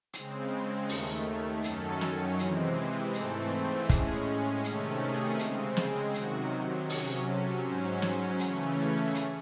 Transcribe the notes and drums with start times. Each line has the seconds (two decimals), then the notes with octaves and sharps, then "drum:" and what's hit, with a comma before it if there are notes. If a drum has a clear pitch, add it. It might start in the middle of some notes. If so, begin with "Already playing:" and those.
0.13 C#3 G#3 C4, drum: hi-hat
0.89 D#2 D#3 A3, drum: open hi-hat
1.26 C#5
1.64 F#2 D#3 F#3 C#4 A4, drum: hi-hat
2.01 drum: snare
2.39 C3 E3 G#3 C4, drum: hi-hat
3.14 G#2 E3 A3 C4 A4, drum: hi-hat
3.51 C5
3.89 A2 G#3 C#4 G#4, drum: kick, hi-hat
4.64 C3 D#3 A3 C#4 A4, drum: hi-hat
5.01 G#4
5.39 C#3 G#3 C4, drum: hi-hat
5.77 G#4, drum: snare
6.14 C3 D#3 F#3 F#4, drum: hi-hat
6.89 C3 F#3 C#4 G#4, drum: open hi-hat
7.27 A4
7.64 G#2 F#3 C#4 C5
8.02 C5, drum: snare
8.39 C#3 E3 A3 C#4 C#5, drum: hi-hat
8.78 C#5
9.15 drum: hi-hat